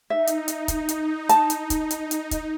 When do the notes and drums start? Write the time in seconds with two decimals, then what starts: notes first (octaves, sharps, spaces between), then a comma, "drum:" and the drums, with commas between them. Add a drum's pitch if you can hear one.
0.10 D#4 E5
0.27 drum: hi-hat
0.48 drum: hi-hat
0.68 drum: kick, hi-hat
0.89 drum: hi-hat
1.29 A5, drum: hi-hat
1.50 drum: hi-hat
1.70 drum: kick, hi-hat
1.91 drum: hi-hat
2.11 drum: hi-hat
2.31 drum: kick, hi-hat